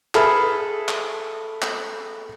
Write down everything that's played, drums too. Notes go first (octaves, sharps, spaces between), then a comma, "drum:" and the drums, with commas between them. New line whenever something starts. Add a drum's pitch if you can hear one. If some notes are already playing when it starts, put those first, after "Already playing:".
G#4 A4 B4 E5 B5 F6, drum: clap
drum: clap
drum: clap